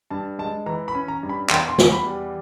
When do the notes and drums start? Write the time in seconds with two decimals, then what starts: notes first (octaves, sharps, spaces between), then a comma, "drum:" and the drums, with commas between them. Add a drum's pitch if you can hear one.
0.10 G2 A5
0.39 G#3 A5
0.66 E3 A#5
0.88 B5
0.95 C#4
1.08 A#5
1.23 G2
1.29 B5
1.50 E2 C6, drum: clap
1.68 C6
1.78 E2, drum: snare
1.92 B5
2.06 G3